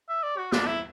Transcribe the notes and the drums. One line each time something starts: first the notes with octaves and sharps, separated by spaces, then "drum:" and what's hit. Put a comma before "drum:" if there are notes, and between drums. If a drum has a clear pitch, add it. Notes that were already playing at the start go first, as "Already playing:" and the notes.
E5
D5
F#4
D4, drum: snare
E4